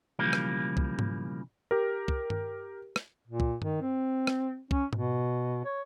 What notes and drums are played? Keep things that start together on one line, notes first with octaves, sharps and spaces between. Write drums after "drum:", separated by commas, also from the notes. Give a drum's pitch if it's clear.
B1 C#3 E3 F3 G3 A#3
drum: rim click
drum: kick C2
drum: tom G#2
G4 A#4
drum: kick C2
drum: tom G2
drum: rim click
A#2
drum: kick C2
D#3, drum: tom G2
C4
drum: rim click
C#4, drum: kick C2
B2, drum: tom G#2
C#5